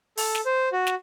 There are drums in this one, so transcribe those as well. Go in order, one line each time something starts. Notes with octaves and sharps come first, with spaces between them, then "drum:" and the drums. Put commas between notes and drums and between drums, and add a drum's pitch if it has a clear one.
A4, drum: open hi-hat
drum: snare
C5
F#4
drum: snare